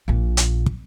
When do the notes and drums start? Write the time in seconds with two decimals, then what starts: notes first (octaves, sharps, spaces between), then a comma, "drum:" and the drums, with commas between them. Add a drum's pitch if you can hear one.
0.08 A#1 A#2
0.37 drum: hi-hat
0.66 drum: kick